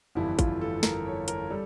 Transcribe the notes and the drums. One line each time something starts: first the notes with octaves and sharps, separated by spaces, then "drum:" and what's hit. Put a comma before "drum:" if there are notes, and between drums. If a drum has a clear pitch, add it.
G1 F2 E3 G3 E4
F4, drum: kick, hi-hat
A4
A#4, drum: snare
C#5
A#4, drum: hi-hat
G3 A4